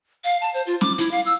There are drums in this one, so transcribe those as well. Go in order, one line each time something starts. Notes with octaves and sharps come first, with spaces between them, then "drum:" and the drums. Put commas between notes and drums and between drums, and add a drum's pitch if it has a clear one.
F5
A5
C5
F4
D6, drum: snare
E4, drum: hi-hat
F5
E6